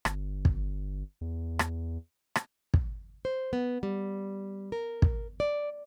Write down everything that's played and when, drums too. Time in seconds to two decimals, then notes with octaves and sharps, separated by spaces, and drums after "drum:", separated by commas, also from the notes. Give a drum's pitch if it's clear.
0.05 G1, drum: rim click
0.45 drum: kick
1.21 E2
1.59 drum: rim click
2.35 drum: rim click
2.74 drum: kick
3.25 C5
3.53 B3
3.83 G3
4.72 A#4
5.02 drum: kick
5.40 D5